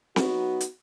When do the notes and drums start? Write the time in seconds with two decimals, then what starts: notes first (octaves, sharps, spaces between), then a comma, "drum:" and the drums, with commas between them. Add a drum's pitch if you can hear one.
0.16 F#3 B3 D#4 F#4, drum: snare C4
0.61 drum: hi-hat